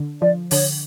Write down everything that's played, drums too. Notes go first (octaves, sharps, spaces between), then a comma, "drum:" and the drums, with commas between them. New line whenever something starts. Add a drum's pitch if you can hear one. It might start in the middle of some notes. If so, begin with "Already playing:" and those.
Already playing: D3
F3 D5
D3 C#5, drum: open hi-hat